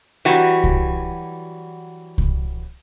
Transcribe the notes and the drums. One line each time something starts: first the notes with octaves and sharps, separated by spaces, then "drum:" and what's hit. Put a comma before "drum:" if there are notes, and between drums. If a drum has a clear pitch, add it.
E3 F#3 G3 F#4
drum: kick C2
drum: kick C2